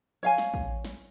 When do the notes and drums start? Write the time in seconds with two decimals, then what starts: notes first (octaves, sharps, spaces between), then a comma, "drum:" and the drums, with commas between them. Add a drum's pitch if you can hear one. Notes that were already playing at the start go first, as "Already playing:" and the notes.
0.23 C#5 F5 G#5
0.38 drum: snare
0.54 drum: kick
0.85 drum: snare